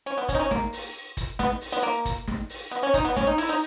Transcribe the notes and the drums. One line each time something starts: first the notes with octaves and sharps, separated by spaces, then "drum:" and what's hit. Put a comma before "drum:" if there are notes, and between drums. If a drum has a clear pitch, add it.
C#4
B3
C#4, drum: kick F#1, hi-hat
D#4
C#4
A#3, drum: snare
drum: open hi-hat
drum: kick F#1, hi-hat
B3, drum: snare
drum: open hi-hat
B3
A#3
drum: kick F#1, hi-hat
drum: snare
drum: open hi-hat
B3
C#4
D#4, drum: kick F#1, hi-hat
B3
C#4, drum: snare
D#4
E4, drum: open hi-hat
D#4